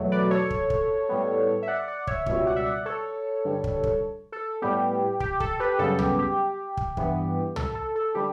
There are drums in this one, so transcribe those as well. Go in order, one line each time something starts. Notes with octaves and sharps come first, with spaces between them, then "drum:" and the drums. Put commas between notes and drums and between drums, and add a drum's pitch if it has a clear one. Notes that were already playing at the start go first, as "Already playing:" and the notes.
Already playing: E2 B2 F#3 A3
B4 D5
A4 C#5
drum: kick
drum: kick
A2 G3 B3
E5
D5 F#5
D5 F#5
C#5 E5, drum: kick
C#2 B2 G3 C#5 E5, drum: kick
D5 F#5
E5
D5 F#5
A4 C#5
G2 D3 G3
drum: kick
drum: kick
A4
A2 G3 B3 G4
G4, drum: kick
A4, drum: kick
G4 B4
F#2 C#3 G3 B3 A4
G4, drum: tom
G4
drum: kick
G2 E3 B3, drum: kick
A4, drum: tom
A4
A4
D3 G3 G4